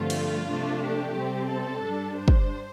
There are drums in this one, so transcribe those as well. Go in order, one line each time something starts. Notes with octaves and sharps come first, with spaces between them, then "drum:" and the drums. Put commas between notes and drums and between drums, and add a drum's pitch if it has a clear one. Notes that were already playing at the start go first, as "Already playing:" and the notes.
Already playing: G2 D3 F3 A3 C4 F4
drum: cymbal
C3 F3 A3 D4
G4
C3 G3 C4
A4
G2 G3 D4
C5
drum: kick